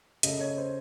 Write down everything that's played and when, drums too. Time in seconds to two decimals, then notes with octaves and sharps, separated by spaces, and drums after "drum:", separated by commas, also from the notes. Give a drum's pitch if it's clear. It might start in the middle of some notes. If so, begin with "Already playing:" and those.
0.23 C#3 A3 D#5, drum: hi-hat
0.40 C#5
0.57 C5